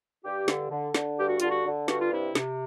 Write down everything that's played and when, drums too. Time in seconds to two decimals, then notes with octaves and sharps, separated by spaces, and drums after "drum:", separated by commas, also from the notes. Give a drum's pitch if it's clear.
0.25 G2 G4
0.48 D3, drum: snare
0.71 D3
0.95 D3, drum: snare
1.19 G2 G4
1.28 F#4
1.40 D3 F4, drum: hi-hat
1.49 F#4
1.65 D3
1.88 G2 F#4, drum: snare
2.00 F4
2.12 C3 E4
2.35 C3, drum: snare